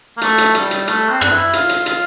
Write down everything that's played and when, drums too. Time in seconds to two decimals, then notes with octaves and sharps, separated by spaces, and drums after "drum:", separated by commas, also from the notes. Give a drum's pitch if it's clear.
0.17 A#3
0.21 A3, drum: hi-hat
0.38 drum: hi-hat
0.55 G3, drum: hi-hat
0.71 drum: hi-hat
0.88 A3, drum: hi-hat
1.09 C4
1.21 D4, drum: rim click
1.31 E4
1.53 F4, drum: hi-hat
1.69 drum: hi-hat
1.86 F4, drum: hi-hat